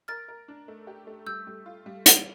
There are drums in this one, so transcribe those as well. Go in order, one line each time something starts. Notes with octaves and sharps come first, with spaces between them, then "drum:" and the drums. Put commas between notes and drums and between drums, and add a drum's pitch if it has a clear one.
A#4 F6 A6
A#4
D4
A3
G4
A3
G3 E6 G6
G3
F4
G3
G3, drum: hi-hat